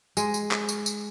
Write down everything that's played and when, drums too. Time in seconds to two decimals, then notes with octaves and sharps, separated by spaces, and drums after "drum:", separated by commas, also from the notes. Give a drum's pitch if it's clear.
0.17 G#3, drum: tambourine
0.34 drum: tambourine
0.51 drum: clap
0.69 drum: tambourine
0.86 drum: tambourine